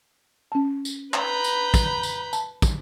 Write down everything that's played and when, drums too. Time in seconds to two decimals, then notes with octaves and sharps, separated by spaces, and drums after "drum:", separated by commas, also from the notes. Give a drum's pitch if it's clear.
0.52 C#4 A5
0.85 drum: tambourine
1.14 B4 A#5 B5 G6, drum: clap
1.44 drum: tambourine
1.74 drum: kick, tambourine
2.03 drum: tambourine
2.33 A5, drum: tambourine
2.62 drum: kick, tambourine